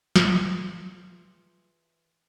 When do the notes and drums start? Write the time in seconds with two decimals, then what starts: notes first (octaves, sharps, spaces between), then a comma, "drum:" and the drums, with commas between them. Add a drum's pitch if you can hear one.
0.16 E3 F4 G#4, drum: snare